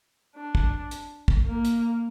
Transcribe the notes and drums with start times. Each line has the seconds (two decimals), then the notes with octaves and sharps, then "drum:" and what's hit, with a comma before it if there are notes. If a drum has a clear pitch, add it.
0.36 D4
0.55 drum: kick
0.91 drum: hi-hat
1.28 drum: kick
1.46 A#3
1.65 drum: hi-hat